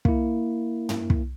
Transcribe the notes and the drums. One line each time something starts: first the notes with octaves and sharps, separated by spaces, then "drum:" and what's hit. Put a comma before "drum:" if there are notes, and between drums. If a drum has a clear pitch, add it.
A#3 E4, drum: kick
drum: tom
drum: kick